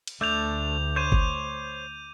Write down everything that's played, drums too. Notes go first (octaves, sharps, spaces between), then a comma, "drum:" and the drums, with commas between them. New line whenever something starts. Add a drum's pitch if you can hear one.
drum: cymbal
D2 A3 D4 D6 G6 F7
C5 C#5 G6 D#7
drum: kick G1